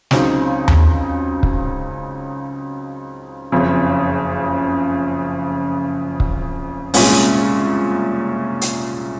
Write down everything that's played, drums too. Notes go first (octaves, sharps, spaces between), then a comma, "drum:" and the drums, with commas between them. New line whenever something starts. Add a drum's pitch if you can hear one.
C#2 C#3 F#3 C4 D#4, drum: snare
drum: tom D#2
drum: kick
F#1 F2 C#3
drum: kick
C2 A#2 G#3 C#4, drum: open hi-hat
drum: hi-hat